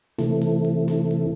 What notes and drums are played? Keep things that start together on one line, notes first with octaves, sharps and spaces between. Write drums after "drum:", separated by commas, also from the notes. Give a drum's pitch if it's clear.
C3 E3 A3, drum: snare
drum: open hi-hat
drum: hi-hat
drum: snare
drum: hi-hat